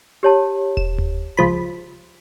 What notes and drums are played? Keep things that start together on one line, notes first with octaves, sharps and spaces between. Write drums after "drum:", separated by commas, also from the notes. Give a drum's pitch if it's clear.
G4 C#5 A5
E7, drum: kick E1
drum: tom D#2
C#2 F3 B5